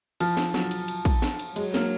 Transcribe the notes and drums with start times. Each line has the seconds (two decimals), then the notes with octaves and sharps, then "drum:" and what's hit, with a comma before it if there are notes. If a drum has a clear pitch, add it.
0.20 F3, drum: cymbal
0.37 drum: snare
0.54 F#3, drum: snare
0.71 drum: cymbal
0.88 drum: cymbal
1.05 drum: kick, cymbal
1.22 drum: snare
1.39 drum: cymbal
1.56 F#3 G#3, drum: cymbal
1.74 A#3, drum: snare